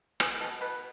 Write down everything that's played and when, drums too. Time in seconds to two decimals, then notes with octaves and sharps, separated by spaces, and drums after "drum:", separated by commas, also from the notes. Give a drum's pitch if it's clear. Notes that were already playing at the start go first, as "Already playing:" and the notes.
0.20 B3 G#4, drum: rim click
0.40 B2 A4
0.61 B2 B4